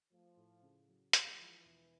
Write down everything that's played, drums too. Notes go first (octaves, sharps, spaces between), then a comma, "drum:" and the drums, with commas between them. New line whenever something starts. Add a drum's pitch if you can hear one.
F3 A3
A2
C#3
F#3
E3 G#3, drum: hi-hat
F3
E1